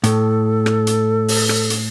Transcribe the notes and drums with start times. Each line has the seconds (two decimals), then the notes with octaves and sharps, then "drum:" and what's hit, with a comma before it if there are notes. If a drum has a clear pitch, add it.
0.04 A2 A4, drum: hi-hat
0.66 drum: rim click
0.87 drum: hi-hat
1.28 drum: open hi-hat
1.49 drum: rim click
1.70 drum: hi-hat